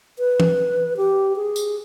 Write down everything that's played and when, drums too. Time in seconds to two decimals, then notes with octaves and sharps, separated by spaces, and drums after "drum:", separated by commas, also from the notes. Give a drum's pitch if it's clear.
0.19 B4
0.40 drum: tom E3
0.97 G4
1.36 G#4
1.56 drum: tambourine